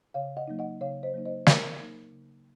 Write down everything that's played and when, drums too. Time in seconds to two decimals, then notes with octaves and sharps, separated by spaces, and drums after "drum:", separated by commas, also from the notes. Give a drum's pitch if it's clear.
0.14 C#3 C#5 F5
0.37 D#5 F#5
0.48 F#3 A#3 D#4
0.59 D#5 F#5
0.81 C#3 C#5 F5
1.03 C5 D#5
1.14 F#3 A#3 D#4
1.25 C5 D#5
1.46 C#3 A#4 C#5, drum: snare
1.80 F#3 A#3 D#4
2.13 C#3